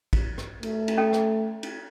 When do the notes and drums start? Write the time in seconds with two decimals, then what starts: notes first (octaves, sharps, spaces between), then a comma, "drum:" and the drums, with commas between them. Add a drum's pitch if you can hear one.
0.13 drum: kick, cymbal
0.38 drum: rim click
0.63 A3, drum: cymbal
0.88 drum: cymbal
0.97 C#4 A4 G5
1.13 drum: rim click
1.63 drum: cymbal